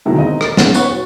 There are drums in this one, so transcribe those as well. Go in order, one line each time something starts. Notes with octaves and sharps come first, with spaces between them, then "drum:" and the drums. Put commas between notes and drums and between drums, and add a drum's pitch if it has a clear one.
B2 D3 D#3 F#3 G#3 E4
C4 D#4 D#5 A#5
A#4 A6, drum: rim click
B1 B2 B3 C#4 F#5 A6, drum: snare
B4 C#5 F#5 C#6 F#6, drum: tambourine
F#4